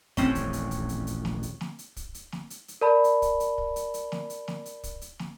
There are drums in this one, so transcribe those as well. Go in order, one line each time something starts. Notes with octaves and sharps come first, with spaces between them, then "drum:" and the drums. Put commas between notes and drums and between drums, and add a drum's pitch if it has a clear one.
D#1 A1 F2 C4 C#4, drum: hi-hat
drum: kick, hi-hat
drum: hi-hat
drum: kick, hi-hat
drum: hi-hat
drum: hi-hat
drum: snare
drum: hi-hat
drum: snare
drum: hi-hat
drum: kick, hi-hat
drum: hi-hat
drum: snare
drum: hi-hat
drum: hi-hat
A#4 D5 A5 B5
drum: hi-hat
drum: kick, hi-hat
drum: hi-hat
drum: kick
drum: hi-hat
drum: hi-hat
drum: snare
drum: hi-hat
drum: snare
drum: hi-hat
drum: kick, hi-hat
drum: hi-hat
drum: snare